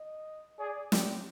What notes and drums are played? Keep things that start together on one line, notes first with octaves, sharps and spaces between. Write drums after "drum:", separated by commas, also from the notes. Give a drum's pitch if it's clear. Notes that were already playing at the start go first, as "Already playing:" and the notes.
Already playing: D#5
G#4 D5
G4 D5, drum: snare